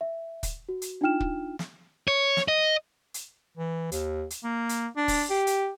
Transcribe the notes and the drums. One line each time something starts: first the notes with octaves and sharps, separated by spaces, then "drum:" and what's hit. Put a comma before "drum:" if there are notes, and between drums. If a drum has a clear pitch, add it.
E5
drum: kick, hi-hat
F#4
drum: hi-hat
D4 D#4 F4 G5 F6 E7
drum: kick
drum: snare
C#5
drum: snare
D#5
drum: hi-hat
E3
D#2, drum: hi-hat
drum: hi-hat
A#3
drum: hi-hat
D4
drum: kick, open hi-hat
G4
drum: hi-hat